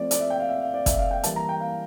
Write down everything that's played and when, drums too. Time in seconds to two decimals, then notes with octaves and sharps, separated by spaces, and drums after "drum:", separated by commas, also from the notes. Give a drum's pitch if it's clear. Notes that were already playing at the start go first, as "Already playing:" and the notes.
Already playing: F3 A3 C4 D5
0.11 D5, drum: hi-hat
0.20 E5
0.30 G5
0.40 F5
0.48 E5
0.61 F5
0.74 D5
0.86 E5, drum: kick, hi-hat
0.99 F5
1.11 G5
1.24 E3 G3 A#3 E4 A5, drum: hi-hat
1.36 A#5
1.49 G5
1.60 F5